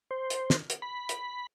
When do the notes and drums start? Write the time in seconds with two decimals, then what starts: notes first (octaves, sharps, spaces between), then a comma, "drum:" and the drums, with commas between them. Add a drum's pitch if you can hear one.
0.11 C5
0.30 drum: hi-hat
0.50 drum: snare
0.70 drum: hi-hat
0.82 B5
1.09 drum: hi-hat